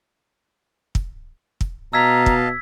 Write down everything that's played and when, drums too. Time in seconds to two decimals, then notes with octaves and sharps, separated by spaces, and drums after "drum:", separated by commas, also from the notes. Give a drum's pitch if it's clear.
0.95 drum: kick
1.61 drum: kick
1.93 B2 D#5 F5 A5 A#5 E6 G#6 B6
2.26 drum: kick